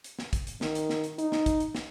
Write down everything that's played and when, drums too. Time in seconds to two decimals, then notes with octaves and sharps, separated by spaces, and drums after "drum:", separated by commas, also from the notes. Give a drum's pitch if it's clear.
0.04 drum: hi-hat
0.19 drum: snare
0.33 drum: kick, hi-hat
0.47 drum: hi-hat
0.61 D#3, drum: snare
0.75 drum: hi-hat
0.89 drum: snare
1.04 drum: hi-hat
1.19 D#4, drum: hi-hat
1.32 drum: snare
1.46 drum: kick, hi-hat
1.60 drum: hi-hat
1.75 drum: snare